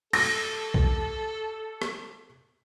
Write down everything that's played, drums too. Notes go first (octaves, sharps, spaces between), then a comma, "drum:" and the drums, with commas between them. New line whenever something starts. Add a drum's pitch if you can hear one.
A4 E6 A#6, drum: cymbal
drum: kick B1
drum: rim click